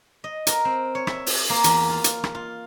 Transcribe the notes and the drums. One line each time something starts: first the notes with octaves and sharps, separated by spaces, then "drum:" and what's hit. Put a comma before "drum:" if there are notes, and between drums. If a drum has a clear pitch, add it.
D#5
A#4, drum: hi-hat
C4
C#5
E5, drum: rim click
drum: open hi-hat
A#3
E2, drum: hi-hat
F4
drum: hi-hat
drum: rim click
F4